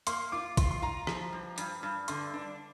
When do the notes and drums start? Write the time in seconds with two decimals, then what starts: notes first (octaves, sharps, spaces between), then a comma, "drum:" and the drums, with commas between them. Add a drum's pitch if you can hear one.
0.07 A#3 C6, drum: hi-hat
0.32 F4 D6
0.57 F4 C6, drum: kick, hi-hat
0.71 C6
0.82 F4 A#5
1.07 F3, drum: rim click
1.33 G2
1.58 G2, drum: hi-hat
1.83 G2
2.08 D3 C6, drum: hi-hat
2.34 D4